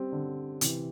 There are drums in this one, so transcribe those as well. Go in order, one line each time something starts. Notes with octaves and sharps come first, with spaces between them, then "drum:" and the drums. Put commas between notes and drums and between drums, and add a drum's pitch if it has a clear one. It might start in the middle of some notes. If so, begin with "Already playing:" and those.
Already playing: G3 C4
D3
C3 E3, drum: hi-hat